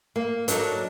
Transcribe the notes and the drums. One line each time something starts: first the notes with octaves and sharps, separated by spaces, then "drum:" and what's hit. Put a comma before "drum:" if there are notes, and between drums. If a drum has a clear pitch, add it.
A#3
F#3 D4 D#4 A4 A#4, drum: hi-hat